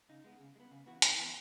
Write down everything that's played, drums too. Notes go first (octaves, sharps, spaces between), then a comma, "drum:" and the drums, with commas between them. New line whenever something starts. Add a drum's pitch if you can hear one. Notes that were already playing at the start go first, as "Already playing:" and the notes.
C#3 D#4
G#3 B3
C#3
G#3
B3
C#3
E3 B3 F#4
C#3 E4, drum: hi-hat
E3 B3